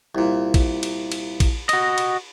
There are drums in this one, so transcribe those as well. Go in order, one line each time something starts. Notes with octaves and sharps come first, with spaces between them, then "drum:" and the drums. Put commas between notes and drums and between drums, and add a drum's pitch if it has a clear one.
C2 A#2
drum: kick, cymbal
drum: cymbal
drum: cymbal
drum: kick, cymbal
F#4 D#5, drum: cymbal
drum: cymbal